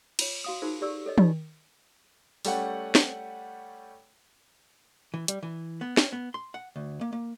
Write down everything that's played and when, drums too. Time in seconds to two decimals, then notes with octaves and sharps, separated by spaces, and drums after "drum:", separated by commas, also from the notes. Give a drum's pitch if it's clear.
0.19 F4 C#5, drum: cymbal
0.44 F#4 F5 D#6
0.62 D#4 F4 F#4 G#4 A#4 C5
0.81 G4 A4 D5 C#6 E6
1.06 A4 C#5 D#5
1.18 D#4 F4 G4 A4 D5 D#5, drum: tom
2.45 G3 A3 C#4 F#5 G5, drum: open hi-hat
2.95 drum: snare
5.14 E3
5.28 G3, drum: hi-hat
5.43 E3
5.81 B3
5.97 C#4, drum: snare
6.13 B3
6.34 C6
6.54 F#5
6.76 D2
7.01 A#3
7.13 A#3